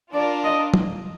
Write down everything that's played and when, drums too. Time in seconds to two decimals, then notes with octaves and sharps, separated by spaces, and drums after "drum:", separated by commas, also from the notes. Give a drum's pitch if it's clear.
0.13 D4 F4 A#4 D5
0.45 D#5
0.74 drum: tom